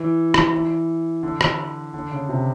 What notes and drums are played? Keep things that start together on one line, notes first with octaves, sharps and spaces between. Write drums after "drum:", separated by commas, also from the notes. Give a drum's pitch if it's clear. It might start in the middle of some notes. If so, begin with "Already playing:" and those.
Already playing: E3
drum: rim click
E3
D3
drum: rim click
D3
C#3
C3